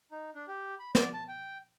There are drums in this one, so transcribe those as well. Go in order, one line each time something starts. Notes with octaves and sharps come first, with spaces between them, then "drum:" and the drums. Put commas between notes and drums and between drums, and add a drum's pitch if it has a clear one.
D#4
D4
G4
B5
D5, drum: snare
A5
G5